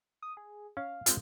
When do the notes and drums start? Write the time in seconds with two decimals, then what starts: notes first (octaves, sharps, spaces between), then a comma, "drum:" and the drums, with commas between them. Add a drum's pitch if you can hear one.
0.22 D#6
0.37 G#4
0.77 C#4 F5
1.06 G#3 C4 F4, drum: hi-hat